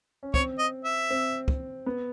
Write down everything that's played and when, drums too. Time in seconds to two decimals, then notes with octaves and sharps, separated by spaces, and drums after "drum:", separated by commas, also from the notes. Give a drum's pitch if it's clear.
0.23 C#4
0.34 C4 C#5, drum: kick
0.59 D#5
0.85 E5
1.10 C4
1.48 drum: kick
1.86 B3